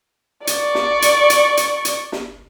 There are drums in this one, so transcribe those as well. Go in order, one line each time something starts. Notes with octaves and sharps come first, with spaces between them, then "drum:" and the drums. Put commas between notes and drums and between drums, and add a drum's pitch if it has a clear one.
D5 C#6, drum: hi-hat
drum: snare
drum: hi-hat
drum: hi-hat
drum: hi-hat
drum: hi-hat
drum: snare